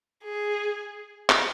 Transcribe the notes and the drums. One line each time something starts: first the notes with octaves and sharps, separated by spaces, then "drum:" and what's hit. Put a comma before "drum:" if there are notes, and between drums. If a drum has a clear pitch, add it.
G#4
drum: clap